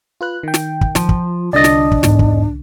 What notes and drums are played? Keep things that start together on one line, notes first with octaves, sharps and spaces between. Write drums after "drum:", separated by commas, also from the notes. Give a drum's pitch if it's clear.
F4 B4 F#6
D#3 G5
drum: snare
drum: kick
F3 F4, drum: snare
drum: kick
C2 D3 D4 D5 D#5
drum: snare
drum: kick
E2 G#2, drum: snare
drum: kick